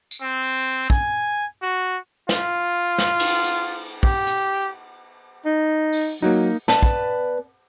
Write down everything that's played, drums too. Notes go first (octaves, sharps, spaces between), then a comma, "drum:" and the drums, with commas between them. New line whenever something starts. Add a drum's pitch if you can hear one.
drum: tambourine
C4
G#5, drum: kick
F#4
F4, drum: snare
drum: snare
drum: cymbal
drum: hi-hat
G4, drum: kick
drum: hi-hat
D#4
drum: open hi-hat
F#3 A#3 D#4
B3 B4 D5 A5, drum: snare
drum: kick